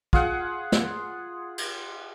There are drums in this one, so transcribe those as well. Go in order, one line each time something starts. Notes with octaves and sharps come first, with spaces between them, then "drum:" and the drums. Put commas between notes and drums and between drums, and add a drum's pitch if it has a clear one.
F4 G#4 F#5, drum: kick
drum: snare
drum: cymbal